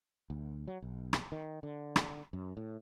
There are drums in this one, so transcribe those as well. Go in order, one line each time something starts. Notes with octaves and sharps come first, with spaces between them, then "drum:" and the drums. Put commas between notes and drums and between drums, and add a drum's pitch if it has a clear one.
D2
F#3
B1
drum: rim click
D#3
D3
drum: rim click
F#2
A2